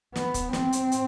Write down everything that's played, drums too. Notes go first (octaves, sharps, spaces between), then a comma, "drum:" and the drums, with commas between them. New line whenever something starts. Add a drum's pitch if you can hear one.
B3, drum: snare
drum: kick, hi-hat
C4, drum: snare
drum: hi-hat
drum: hi-hat